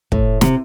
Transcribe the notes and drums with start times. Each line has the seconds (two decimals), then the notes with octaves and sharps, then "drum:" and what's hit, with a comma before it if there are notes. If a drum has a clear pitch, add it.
0.12 A2, drum: kick
0.41 C3, drum: snare